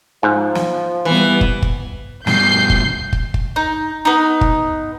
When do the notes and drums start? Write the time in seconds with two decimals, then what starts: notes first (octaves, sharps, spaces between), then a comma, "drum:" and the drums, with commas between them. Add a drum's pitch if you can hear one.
0.23 G#2 F3
0.55 drum: snare
1.05 E3 G3 B3
1.41 drum: kick
1.62 drum: kick
2.27 G2 B2 G6 C7, drum: snare
2.70 drum: kick
3.13 drum: kick
3.34 drum: kick
3.56 D#4
4.05 B3 D#4
4.41 drum: kick